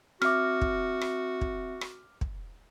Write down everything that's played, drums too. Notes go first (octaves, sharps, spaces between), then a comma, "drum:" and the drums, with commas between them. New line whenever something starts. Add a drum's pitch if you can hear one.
C4 F#4 E5 D6 F6, drum: rim click
drum: kick
drum: rim click
drum: kick
drum: rim click
drum: kick